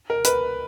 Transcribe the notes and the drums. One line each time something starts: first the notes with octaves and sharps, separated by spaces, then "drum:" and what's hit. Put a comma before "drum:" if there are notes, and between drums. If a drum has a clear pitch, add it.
A#4
B4, drum: hi-hat